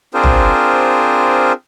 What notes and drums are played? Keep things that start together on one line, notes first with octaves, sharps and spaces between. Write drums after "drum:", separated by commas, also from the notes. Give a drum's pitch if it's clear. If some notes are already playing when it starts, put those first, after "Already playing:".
C4 D4 F4 G#4 A#4 C5
drum: tom